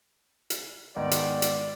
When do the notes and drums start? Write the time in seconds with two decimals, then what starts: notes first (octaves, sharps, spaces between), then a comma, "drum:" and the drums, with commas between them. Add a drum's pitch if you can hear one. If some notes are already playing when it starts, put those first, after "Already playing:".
0.50 drum: hi-hat
0.96 G#2 D#3 B3 D5
1.11 drum: hi-hat
1.42 drum: hi-hat